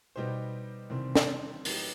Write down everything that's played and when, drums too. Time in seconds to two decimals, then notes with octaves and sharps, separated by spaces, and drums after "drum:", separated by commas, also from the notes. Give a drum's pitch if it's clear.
0.16 B2 G3 B3 D#4 G4 C5
0.90 E2 C3 D#3 G3 C4
1.15 drum: snare
1.65 A2 F#3 B3 D#4 G4, drum: open hi-hat